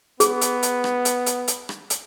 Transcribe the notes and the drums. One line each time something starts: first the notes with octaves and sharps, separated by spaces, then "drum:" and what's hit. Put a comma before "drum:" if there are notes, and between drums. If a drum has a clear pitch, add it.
B3 G#4, drum: hi-hat
drum: hi-hat
drum: hi-hat
drum: rim click
drum: hi-hat
drum: hi-hat
drum: hi-hat
drum: rim click
drum: hi-hat